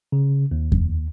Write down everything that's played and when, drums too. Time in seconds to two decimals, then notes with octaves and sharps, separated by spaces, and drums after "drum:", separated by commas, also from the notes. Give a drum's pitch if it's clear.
0.12 C#3
0.51 D#2
0.72 drum: kick F2